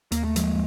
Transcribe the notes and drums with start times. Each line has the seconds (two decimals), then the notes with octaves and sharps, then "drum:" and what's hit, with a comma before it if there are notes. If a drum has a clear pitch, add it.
0.12 D#2 A#3, drum: hi-hat
0.24 A3
0.36 F3 G#3 A#3, drum: hi-hat